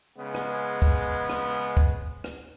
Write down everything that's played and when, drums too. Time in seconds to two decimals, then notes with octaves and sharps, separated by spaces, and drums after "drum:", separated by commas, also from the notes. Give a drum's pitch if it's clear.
0.19 C#3 G#3 B3
0.35 drum: rim click
0.82 drum: kick
1.29 drum: rim click
1.77 drum: kick
2.24 drum: rim click